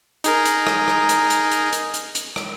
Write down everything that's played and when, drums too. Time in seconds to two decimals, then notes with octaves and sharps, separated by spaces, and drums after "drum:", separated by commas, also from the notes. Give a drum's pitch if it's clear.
0.24 D#4 G#4 A#4, drum: hi-hat
0.45 drum: hi-hat
0.67 drum: rim click
0.88 drum: rim click
1.09 drum: hi-hat
1.30 drum: hi-hat
1.51 drum: hi-hat
1.73 drum: hi-hat
1.94 drum: hi-hat
2.15 drum: hi-hat
2.36 drum: rim click